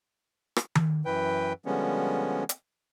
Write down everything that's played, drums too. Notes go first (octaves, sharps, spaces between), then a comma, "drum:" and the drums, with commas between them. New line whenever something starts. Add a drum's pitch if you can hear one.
drum: rim click
drum: tom D#3
F#2 E3 B4 G5
D3 F3 G3 G#3 B3 C#4
drum: hi-hat